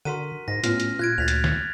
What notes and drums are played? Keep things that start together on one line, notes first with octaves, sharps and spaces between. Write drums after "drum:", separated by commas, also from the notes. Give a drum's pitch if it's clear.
D3 F#4 A#4 F#5 C6 B6 D#7
G#2 A#6
A2 B3 C#4 F4 F6, drum: hi-hat
drum: hi-hat
A#2 F4 F#6 G#6 D7
D2 A6 B6 F7
drum: hi-hat
drum: snare D3